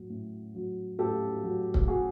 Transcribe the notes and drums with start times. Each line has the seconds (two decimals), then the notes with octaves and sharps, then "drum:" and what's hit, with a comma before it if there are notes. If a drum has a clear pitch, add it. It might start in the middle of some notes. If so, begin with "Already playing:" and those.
Already playing: A2 F#3
0.10 A2
0.55 F#3
0.99 A2 G4 A4
1.43 F#3
1.74 drum: kick C#1
1.88 A2 F#4 G#4